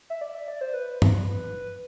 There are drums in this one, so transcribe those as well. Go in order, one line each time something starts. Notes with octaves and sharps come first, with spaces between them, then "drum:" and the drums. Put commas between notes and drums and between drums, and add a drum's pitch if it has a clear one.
E5
D5
E5
D5
C5
B4
drum: tom G2